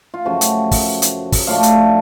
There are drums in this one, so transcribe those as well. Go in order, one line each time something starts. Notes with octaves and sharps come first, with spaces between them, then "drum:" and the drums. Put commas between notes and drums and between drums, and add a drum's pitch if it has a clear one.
F4
F#2 C#3 F3 A3 F#4
drum: hi-hat
drum: kick, open hi-hat
drum: hi-hat
drum: kick, open hi-hat
A2 F3 A3 D4 F5
drum: hi-hat